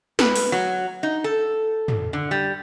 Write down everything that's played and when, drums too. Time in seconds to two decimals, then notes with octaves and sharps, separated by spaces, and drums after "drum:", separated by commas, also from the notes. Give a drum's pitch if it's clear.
0.19 B4, drum: snare
0.36 drum: open hi-hat
0.52 F#3
1.03 D#4
1.24 A4
1.88 drum: tom
2.13 D3
2.31 G3